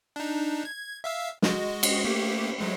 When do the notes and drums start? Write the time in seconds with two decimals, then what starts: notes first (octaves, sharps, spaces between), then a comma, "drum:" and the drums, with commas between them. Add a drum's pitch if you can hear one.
0.16 D4 D#4
0.65 G#6
1.04 E5 F5 E6
1.42 G#3 F#4 D#5, drum: snare
1.83 drum: cymbal
2.04 A3 A#3 G4
2.59 F#3 G#3 A3